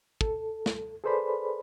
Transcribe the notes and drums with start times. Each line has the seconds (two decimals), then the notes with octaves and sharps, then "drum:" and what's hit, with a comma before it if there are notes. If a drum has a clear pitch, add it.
0.21 A4, drum: kick
0.66 drum: snare
1.04 G#4 A4 B4 C5 D5 B5